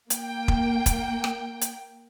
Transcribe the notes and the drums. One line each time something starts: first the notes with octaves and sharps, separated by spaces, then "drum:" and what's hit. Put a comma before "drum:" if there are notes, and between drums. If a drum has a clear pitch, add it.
A#3 G5, drum: hi-hat
drum: kick
drum: kick, hi-hat
drum: rim click
drum: hi-hat